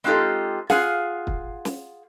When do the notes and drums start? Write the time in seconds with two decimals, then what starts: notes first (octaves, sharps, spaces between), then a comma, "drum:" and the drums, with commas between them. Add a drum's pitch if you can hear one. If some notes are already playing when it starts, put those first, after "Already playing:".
0.04 G#3 C4 D#4 F4 G4 A4
0.70 F4 G#4 F5 F#5, drum: snare
1.27 drum: kick
1.65 drum: snare